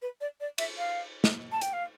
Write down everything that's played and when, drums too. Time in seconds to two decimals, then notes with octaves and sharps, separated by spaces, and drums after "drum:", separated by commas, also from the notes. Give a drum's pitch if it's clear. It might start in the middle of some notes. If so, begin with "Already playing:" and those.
0.02 B4
0.21 D5
0.40 D5
0.58 E5, drum: cymbal
0.78 F5
1.24 drum: snare
1.52 A5
1.61 G5, drum: hi-hat
1.73 F5